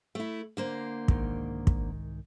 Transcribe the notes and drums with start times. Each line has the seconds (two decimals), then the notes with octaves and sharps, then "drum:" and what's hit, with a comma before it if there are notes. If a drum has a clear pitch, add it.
0.15 A3 E4
0.57 D3 A#3 C5
1.08 C2 G#2 D#3, drum: kick
1.67 drum: kick